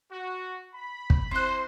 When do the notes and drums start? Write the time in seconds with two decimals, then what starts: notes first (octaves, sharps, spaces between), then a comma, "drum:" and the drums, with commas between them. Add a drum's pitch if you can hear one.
0.11 F#4
0.74 B5
1.10 drum: kick
1.31 C4 E4 C5 F#6